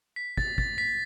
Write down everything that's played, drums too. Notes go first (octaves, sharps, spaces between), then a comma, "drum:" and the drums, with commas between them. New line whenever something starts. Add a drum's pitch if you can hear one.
B6
A6, drum: kick
A6, drum: kick
B6